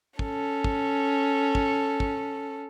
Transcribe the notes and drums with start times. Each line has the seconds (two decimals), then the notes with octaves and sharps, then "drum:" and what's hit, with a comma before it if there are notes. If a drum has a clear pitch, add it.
0.19 C#4 A4, drum: kick
0.64 drum: kick
1.55 drum: kick
2.00 drum: kick